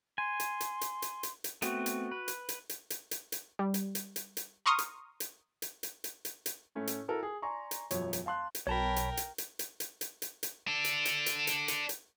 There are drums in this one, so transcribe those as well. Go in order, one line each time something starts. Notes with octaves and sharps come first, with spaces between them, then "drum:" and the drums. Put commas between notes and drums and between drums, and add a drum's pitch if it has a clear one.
G#5 C6
drum: hi-hat
drum: hi-hat
drum: hi-hat
drum: hi-hat
drum: hi-hat
drum: hi-hat
A3 B3 C4 F#4, drum: hi-hat
drum: hi-hat
B4
drum: hi-hat
drum: hi-hat
drum: hi-hat
drum: hi-hat
drum: hi-hat
drum: hi-hat
G3
drum: hi-hat
drum: hi-hat
drum: hi-hat
drum: hi-hat
A#5 C6 C#6 D#6 F6
drum: hi-hat
drum: hi-hat
drum: hi-hat
drum: hi-hat
drum: hi-hat
drum: hi-hat
drum: hi-hat
A2 A3 C#4 E4
drum: hi-hat
E4 F#4 A4 A#4
G#4
D5 G#5 A#5 C6 C#6
drum: hi-hat
E1 F#2 F3 C#5, drum: hi-hat
drum: hi-hat
F5 A5 C6 F#6
drum: hi-hat
B1 A#4 C#5 G5 A5 B5
drum: hi-hat
drum: hi-hat
drum: hi-hat
drum: hi-hat
drum: hi-hat
drum: hi-hat
drum: hi-hat
drum: hi-hat
D4 A4
drum: hi-hat
drum: hi-hat
drum: hi-hat
drum: hi-hat
drum: hi-hat
drum: hi-hat